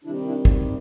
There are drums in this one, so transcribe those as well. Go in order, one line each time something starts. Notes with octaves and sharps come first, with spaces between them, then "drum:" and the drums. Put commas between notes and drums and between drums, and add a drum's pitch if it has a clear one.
C3 D#3 G3 D4 E4
D4 E4
drum: kick